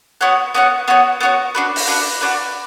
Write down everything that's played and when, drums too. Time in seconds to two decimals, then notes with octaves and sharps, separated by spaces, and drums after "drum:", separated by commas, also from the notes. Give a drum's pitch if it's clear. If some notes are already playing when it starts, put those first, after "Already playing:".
0.21 B3 F#4 C#5 F#5
0.54 B3 F#4 C#5 F#5
0.88 B3 F#4 C#5 F#5
1.21 B3 F#4 C#5 F#5
1.55 D4 F#4 B4
1.76 drum: open hi-hat
1.88 D4 F#4 B4
2.21 D4 F#4 B4